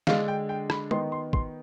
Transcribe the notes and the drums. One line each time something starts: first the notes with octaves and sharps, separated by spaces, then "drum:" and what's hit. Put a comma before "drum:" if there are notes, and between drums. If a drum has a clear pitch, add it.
D3 G#3 D4 F5, drum: snare
G5
G5
B5, drum: rim click
D#3 B3 D#4 C6, drum: tom G#3
C6
C6, drum: kick